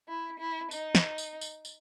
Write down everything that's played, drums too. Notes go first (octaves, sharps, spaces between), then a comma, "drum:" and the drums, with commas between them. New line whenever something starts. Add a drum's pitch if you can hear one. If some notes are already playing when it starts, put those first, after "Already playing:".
E4
E4
D#4, drum: tambourine
drum: snare
drum: tambourine
drum: tambourine
drum: tambourine